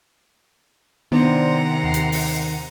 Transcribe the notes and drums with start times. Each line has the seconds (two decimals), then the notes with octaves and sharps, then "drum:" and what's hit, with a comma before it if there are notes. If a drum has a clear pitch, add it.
1.12 C3 D#3 B3 D4 C5 D5 F#5 A#5
1.83 D#2 C7
1.94 drum: hi-hat
2.12 drum: open hi-hat